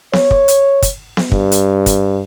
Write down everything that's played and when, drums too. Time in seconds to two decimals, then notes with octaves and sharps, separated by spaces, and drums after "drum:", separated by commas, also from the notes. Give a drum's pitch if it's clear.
0.13 C#5, drum: snare B3
0.31 drum: kick
0.48 drum: hi-hat
0.82 drum: kick, hi-hat
1.17 drum: snare B3
1.32 G2, drum: kick
1.52 drum: hi-hat
1.86 drum: kick, hi-hat